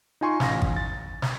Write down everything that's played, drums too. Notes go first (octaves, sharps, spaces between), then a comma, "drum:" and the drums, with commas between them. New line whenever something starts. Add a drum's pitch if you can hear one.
D#4 F4 G#5 C6 C#6
A1 F5 A#6, drum: snare
drum: kick G#1
A6
drum: snare